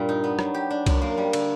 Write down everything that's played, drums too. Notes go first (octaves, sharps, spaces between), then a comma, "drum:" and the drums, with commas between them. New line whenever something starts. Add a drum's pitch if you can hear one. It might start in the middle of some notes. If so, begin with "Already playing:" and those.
Already playing: G2 A#2 G3 A#3
D#4
B3
F#3, drum: rim click
G4
D4
F#2, drum: kick C2, cymbal
A#3
G3
D3, drum: cymbal